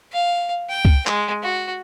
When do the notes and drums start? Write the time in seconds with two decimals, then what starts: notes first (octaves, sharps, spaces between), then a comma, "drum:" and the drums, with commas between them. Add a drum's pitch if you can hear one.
0.12 F5
0.69 G5
0.85 drum: kick C#2
1.07 G#3, drum: clap
1.43 F#4